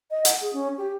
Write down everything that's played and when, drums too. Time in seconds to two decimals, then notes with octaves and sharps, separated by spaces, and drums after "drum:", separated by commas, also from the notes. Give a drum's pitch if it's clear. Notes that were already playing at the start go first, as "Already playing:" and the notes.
0.11 D#5
0.25 F#5, drum: hi-hat
0.41 G#4
0.53 C#4
0.78 G4